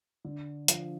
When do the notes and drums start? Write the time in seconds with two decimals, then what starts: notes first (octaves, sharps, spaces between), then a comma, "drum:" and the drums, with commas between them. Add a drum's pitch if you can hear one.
0.25 D3
0.68 F3, drum: hi-hat